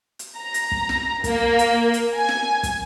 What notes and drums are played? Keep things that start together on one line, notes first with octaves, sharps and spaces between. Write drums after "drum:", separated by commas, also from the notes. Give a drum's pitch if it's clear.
drum: hi-hat
A#5
drum: hi-hat
drum: kick
drum: snare
A#3, drum: kick, hi-hat
drum: hi-hat
drum: hi-hat
G#5
drum: snare
drum: kick, hi-hat